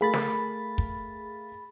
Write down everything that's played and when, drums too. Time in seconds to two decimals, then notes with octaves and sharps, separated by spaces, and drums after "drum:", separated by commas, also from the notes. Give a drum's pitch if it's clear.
0.01 A3 G#4 A#4 F5 B5 A6
0.14 drum: snare
0.78 drum: kick